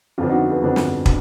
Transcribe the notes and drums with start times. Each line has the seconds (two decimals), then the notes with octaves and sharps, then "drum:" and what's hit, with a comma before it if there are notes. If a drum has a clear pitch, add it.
0.18 F2 D3 F3 B3 D4 F4
0.29 D#4 F#4
0.50 G#4 B4
0.62 F2 D3 F3 B3 D4
0.76 drum: snare
1.06 D4, drum: kick